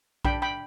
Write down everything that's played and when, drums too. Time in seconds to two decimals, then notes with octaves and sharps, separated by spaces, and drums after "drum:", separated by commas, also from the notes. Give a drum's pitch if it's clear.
0.25 D4 G5 B5, drum: kick A#1
0.42 G5 B5